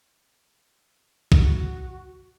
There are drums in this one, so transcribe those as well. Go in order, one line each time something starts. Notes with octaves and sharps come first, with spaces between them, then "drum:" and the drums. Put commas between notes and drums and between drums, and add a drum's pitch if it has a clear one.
F#4, drum: kick B1